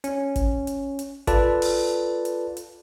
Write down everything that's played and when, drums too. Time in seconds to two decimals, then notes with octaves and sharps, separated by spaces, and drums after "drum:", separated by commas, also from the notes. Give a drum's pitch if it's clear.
0.04 C#4, drum: hi-hat
0.36 drum: kick G1, hi-hat
0.67 drum: hi-hat
0.99 drum: hi-hat
1.27 F4 A4 B4 D5 A5, drum: kick G1, hi-hat
1.62 drum: open hi-hat
2.25 drum: hi-hat
2.57 drum: hi-hat